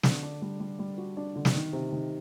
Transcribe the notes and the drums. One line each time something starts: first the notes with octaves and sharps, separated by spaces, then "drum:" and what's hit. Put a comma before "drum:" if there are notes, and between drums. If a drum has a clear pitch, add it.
D3, drum: snare
D4
G3
G3
G3
F#4
D4
D3
drum: snare
D#3
C3
D#3